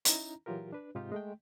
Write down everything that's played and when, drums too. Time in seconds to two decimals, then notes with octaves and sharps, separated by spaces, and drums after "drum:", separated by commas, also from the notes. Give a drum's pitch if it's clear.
0.05 C#4 D#4 E4 A#5, drum: hi-hat
0.46 A#2 E3 F#3 F4 G4 A#4
0.72 D4 B4
0.95 G#2 C3 D#4 F4 G4
1.12 G#3 A3 G5